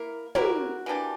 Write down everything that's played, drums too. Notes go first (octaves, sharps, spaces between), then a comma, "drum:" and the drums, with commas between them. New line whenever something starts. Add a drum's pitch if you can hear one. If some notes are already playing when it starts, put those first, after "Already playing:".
Already playing: A#3 E4 A#4
A#3 E4 F#4 G4 A#4, drum: tom
E3 A#3 D4 G4